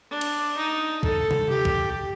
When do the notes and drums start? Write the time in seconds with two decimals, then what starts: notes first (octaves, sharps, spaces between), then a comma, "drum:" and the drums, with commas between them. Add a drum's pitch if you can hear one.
0.11 D4
0.21 drum: cymbal
0.57 D#4
1.03 A4, drum: kick
1.31 drum: tom C3
1.49 G4
1.65 drum: kick